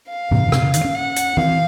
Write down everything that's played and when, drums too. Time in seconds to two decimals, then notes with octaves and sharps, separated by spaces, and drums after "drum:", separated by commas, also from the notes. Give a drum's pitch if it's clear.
0.09 F5
0.31 C3, drum: tom G#2
0.48 C#3
0.52 C3, drum: rim click
0.63 C#3
0.74 D#3, drum: hi-hat
0.85 C#4
0.95 F#5
1.16 drum: hi-hat
1.37 C4 F5, drum: tom E3